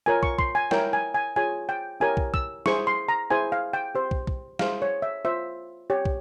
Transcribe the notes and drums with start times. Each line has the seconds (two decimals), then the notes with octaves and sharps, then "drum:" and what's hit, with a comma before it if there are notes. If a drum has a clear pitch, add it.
0.06 F4 A#4 C#5 G#5
0.23 C#6, drum: kick
0.39 C6, drum: kick
0.55 G#5
0.71 E4 A#4 C#5 G5, drum: snare
0.93 G#5
1.14 G#5
1.36 F4 G#4 C#5 G#5
1.69 G5
2.00 E4 G4 A#4 C#5 G#5
2.17 drum: kick
2.34 E6, drum: kick
2.66 E4 G#4 C5 C#6, drum: snare
2.87 C6
3.08 A#5
3.31 E4 G#4 C5 G#5
3.52 F5
3.73 G5
3.95 G4 C5
4.11 drum: kick
4.27 drum: kick
4.59 E4 G#4 C5 F5, drum: snare
4.82 C#5
5.02 E5
5.25 F4 C5 E5
5.90 G4 C#5
6.05 drum: kick